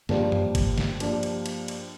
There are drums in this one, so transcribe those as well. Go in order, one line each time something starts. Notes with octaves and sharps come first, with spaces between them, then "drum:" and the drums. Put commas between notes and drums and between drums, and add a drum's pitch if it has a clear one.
G2 F3 A#3 D4 G4 D5, drum: snare
drum: tom F#2
drum: kick, cymbal
drum: snare
F3 A#3 D4 G4 D5, drum: cymbal
drum: cymbal
drum: cymbal
drum: cymbal